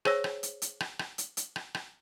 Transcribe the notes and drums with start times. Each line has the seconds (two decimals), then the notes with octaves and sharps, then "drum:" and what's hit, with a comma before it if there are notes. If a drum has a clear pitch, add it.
0.05 G#4 C5 C#5 E6 A#6, drum: rim click
0.24 drum: rim click
0.43 drum: hi-hat
0.62 drum: hi-hat
0.80 drum: rim click
0.99 drum: rim click
1.18 drum: hi-hat
1.37 drum: hi-hat
1.56 drum: rim click
1.75 drum: rim click